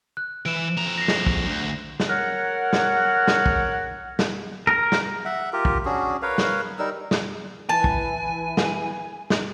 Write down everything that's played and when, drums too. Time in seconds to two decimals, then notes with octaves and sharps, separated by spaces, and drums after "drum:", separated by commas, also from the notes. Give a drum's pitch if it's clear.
0.17 F#6
0.46 E3 D7 E7
0.77 F2 A#5
0.98 A#6 C7
1.08 drum: snare
1.27 drum: kick
1.47 D2
2.00 drum: snare
2.09 A#4 C#5 F#5
2.73 drum: snare
3.28 drum: snare
3.46 drum: kick
4.19 drum: snare
4.67 A#4
4.92 drum: snare
5.25 E5 F#5
5.53 F4 G4 A#4
5.65 drum: kick
5.85 C#4 D4 F#4 G#4
6.22 A#4 B4 C#5 F5
6.38 drum: snare
6.79 G3 D#4 A#4 E6
7.11 drum: snare
7.69 E3 E4 B4 G#5 A5
7.84 drum: kick
8.57 drum: snare
9.30 drum: snare